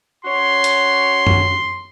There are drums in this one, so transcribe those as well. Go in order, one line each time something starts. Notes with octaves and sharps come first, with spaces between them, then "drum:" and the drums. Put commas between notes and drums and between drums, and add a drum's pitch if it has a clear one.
C#4 F#4 C#5 C6
drum: hi-hat
drum: tom F#2